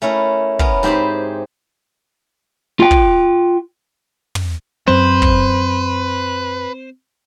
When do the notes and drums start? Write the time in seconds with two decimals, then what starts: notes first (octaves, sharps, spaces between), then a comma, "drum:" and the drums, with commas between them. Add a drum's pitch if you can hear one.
0.02 A3 C#4 E4 A#4
0.59 B3 C#4 A#4, drum: kick
0.83 G#2 C4 G4 G#4 B5
2.80 F4 G5
2.91 drum: kick
4.35 drum: tom
4.88 F#2 F#3 C4 B4 C5
5.22 drum: kick